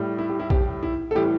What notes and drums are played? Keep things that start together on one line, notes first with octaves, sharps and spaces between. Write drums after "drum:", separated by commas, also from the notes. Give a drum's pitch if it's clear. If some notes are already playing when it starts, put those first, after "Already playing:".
Already playing: A2 G3
E4
G4
E4
G4, drum: kick A#1
E4
A4
A2 E3 G3 G4